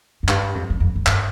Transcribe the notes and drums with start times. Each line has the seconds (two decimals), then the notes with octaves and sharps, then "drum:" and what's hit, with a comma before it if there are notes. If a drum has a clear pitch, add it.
0.23 F2
0.28 G2, drum: clap
0.55 F2
0.70 F2
0.80 F2
0.95 F2
1.06 G2, drum: clap